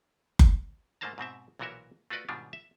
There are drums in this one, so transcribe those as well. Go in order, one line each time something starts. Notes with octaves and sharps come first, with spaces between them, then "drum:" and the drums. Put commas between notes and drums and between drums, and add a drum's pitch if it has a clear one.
drum: kick F#1
G#2 A3 A#3 C5 A5 A#5
G#2 B2 C4 E5
B1 A#2 E3 F#4 A#4 E5
A3 F4 F#4 B4 D5 D#5
G#2 B2 D#3 G3 D4 F4
E5